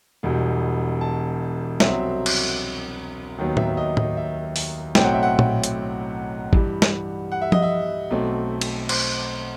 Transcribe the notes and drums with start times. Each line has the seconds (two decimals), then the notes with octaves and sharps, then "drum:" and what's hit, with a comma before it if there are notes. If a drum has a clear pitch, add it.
0.23 E1 E2 B2 G3
1.01 A5
1.80 C2 B2 F#3 C4 E5, drum: snare
2.26 drum: cymbal
3.38 D#2 D#3 F#3 B3
3.57 E5, drum: tom A2
3.77 D#5
3.97 D#5, drum: tom A2
4.17 E5
4.56 drum: open hi-hat
4.95 B1 A2 F#3 C4 G5, drum: snare
5.04 F#5
5.13 E5
5.23 F#5
5.39 drum: tom A#2
5.64 drum: hi-hat
6.53 G2 E3 G3, drum: kick A1
6.82 drum: snare
7.32 F#5
7.41 E5
7.52 D#5, drum: tom F3
7.62 E5
8.10 B1 B2 A3 C4
8.61 drum: cymbal
8.89 C5, drum: cymbal